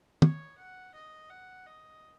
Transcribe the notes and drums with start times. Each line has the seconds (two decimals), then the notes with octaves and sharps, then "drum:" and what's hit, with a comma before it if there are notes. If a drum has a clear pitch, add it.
0.22 C#5, drum: tom
0.58 F#5
0.94 D#5
1.30 F#5
1.66 D#5